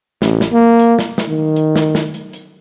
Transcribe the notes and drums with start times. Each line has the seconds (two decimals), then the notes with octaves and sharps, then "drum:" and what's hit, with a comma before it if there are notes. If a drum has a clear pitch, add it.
0.22 A1, drum: snare
0.41 drum: snare
0.53 A#3
0.79 drum: hi-hat
0.99 drum: snare
1.18 drum: snare
1.28 D#3
1.56 drum: hi-hat
1.76 drum: snare
1.95 drum: snare
2.14 drum: hi-hat
2.33 drum: hi-hat